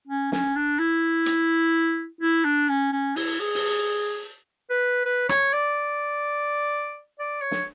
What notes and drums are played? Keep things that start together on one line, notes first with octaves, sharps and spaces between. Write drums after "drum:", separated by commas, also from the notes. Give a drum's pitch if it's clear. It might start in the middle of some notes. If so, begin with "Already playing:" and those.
C#4
C#4, drum: snare
D4
E4
drum: hi-hat
E4
D4
C#4
C#4
E4, drum: open hi-hat
G#4
drum: open hi-hat
B4
B4
C#5, drum: rim click
D5
D5
C#5
drum: snare